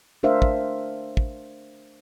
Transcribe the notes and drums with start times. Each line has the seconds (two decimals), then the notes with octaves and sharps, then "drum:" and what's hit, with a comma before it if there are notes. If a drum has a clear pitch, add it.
0.23 A3 D4 A#4 C5 E5 F5
0.42 drum: kick
1.17 drum: kick